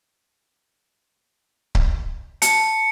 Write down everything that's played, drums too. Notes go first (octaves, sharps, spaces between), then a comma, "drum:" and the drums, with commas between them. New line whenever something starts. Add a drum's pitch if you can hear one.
drum: kick C#1
A5 C#7, drum: hi-hat